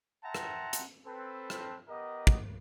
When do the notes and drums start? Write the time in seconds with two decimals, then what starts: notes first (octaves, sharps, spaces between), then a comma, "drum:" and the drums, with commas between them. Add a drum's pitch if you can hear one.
0.24 E5 F#5 G5 A5 A#5 C6
0.35 drum: rim click
0.73 drum: hi-hat
1.05 C4 A4 B4
1.50 drum: rim click
1.89 B3 G4 A#4 D#5
2.27 drum: kick